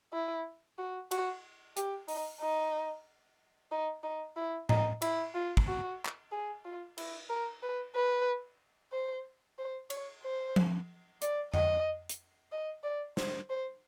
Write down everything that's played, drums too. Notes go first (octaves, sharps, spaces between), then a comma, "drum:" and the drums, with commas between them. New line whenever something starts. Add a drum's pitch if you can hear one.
E4
F#4
F#4, drum: cymbal
G4, drum: hi-hat
D#4, drum: open hi-hat
D#4
D#4
D#4
E4
D#4, drum: tom A2
E4, drum: cymbal
F4
drum: kick
F#4
drum: clap
G#4
F4
E4, drum: cymbal
A#4
B4
B4
C5
C5
C#5, drum: cymbal
C5
drum: tom F3
D5, drum: hi-hat
D#5, drum: tom F2
drum: hi-hat
D#5
D5
C5, drum: snare
C5